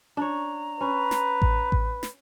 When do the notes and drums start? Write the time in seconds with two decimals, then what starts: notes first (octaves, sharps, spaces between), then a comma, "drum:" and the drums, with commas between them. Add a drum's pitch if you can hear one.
0.17 D4 C#5 A#5
0.81 C#4 B4
1.11 drum: snare
1.42 drum: kick A1
1.72 drum: kick A1
2.03 drum: snare